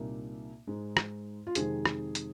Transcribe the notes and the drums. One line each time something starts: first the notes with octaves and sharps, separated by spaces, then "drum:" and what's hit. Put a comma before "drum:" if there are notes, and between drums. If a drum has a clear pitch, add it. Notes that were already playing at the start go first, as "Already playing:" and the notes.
Already playing: C2 A#2 A#3 D#4
G#2 G#3 D#4
drum: rim click
F4
F2 C3 D#3 G#3 D#4 G#4, drum: hi-hat
drum: rim click
drum: hi-hat